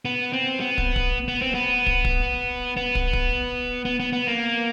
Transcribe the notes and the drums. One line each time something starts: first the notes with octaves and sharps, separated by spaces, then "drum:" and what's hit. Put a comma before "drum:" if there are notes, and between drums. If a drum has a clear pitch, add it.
B3
C4
B3
drum: kick
drum: kick
B3
C4
B3
drum: kick
drum: kick
B3
drum: kick
drum: kick
B3
B3
B3
A#3